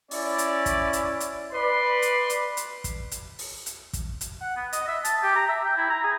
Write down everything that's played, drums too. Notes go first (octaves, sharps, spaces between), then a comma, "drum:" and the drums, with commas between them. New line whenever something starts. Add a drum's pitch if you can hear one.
C#4 E4 D5, drum: open hi-hat
drum: hi-hat
drum: kick, hi-hat
drum: hi-hat
drum: hi-hat
B4 D5 B5 C6
drum: hi-hat
drum: hi-hat
drum: hi-hat
drum: kick, hi-hat
drum: hi-hat
drum: open hi-hat
drum: hi-hat
drum: kick, hi-hat
drum: hi-hat
F#5
B3
D#5, drum: hi-hat
E5
A5, drum: hi-hat
G4
A#5
E5
G5
E4
A#5
G#4